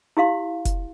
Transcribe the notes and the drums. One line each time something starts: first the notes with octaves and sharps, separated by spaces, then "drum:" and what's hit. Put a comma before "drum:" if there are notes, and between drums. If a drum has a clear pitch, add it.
E4 G4 F5 C6
drum: kick F1, hi-hat